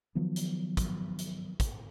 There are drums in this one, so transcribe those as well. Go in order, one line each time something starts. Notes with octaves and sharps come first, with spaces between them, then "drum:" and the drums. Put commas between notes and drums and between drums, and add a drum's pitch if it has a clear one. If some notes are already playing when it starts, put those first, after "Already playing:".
D#3 F3 F#3 B3
drum: hi-hat
drum: kick, hi-hat
drum: hi-hat
drum: kick, hi-hat